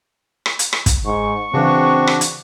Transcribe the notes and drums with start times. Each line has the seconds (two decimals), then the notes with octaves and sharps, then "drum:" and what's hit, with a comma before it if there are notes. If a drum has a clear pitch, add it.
0.46 drum: rim click
0.59 drum: hi-hat
0.73 drum: rim click
0.86 drum: kick, hi-hat
1.05 G#2 C#6
1.53 C#3 E3 C4 D4 F#4
2.07 drum: rim click
2.21 drum: hi-hat